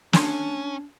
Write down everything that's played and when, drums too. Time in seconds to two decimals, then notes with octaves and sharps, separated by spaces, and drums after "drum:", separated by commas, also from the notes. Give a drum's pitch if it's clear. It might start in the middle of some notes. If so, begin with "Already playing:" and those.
0.13 C#4 D4 G#5 A5 C6, drum: snare